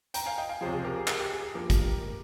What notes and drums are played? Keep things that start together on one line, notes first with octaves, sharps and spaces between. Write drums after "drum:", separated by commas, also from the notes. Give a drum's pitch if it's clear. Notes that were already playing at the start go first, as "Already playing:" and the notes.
G5 A#5, drum: hi-hat
F5 G#5
D#5 G5
F5 G#5
C#2 C3 F3 G#4 C5
G#4
G4 A#4
G#4
G4 A#4, drum: clap
G4
G#4
G#4
G2 F3 A#3 G4 A#4
drum: kick, hi-hat
G4 A#4